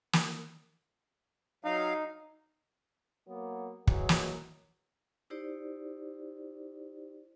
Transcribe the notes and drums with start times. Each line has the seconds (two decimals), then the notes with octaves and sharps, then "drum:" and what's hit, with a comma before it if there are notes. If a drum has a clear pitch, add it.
0.13 drum: snare
1.65 F#3 D#4 F5
3.28 F#3 A#3 B3
3.87 E3 F#3 G#3, drum: kick
4.09 drum: snare
5.30 D#4 E4 G4 C5 D5